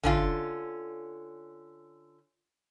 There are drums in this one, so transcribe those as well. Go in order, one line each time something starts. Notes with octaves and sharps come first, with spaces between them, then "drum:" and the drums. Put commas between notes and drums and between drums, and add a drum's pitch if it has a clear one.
D3 C#4 F4, drum: tom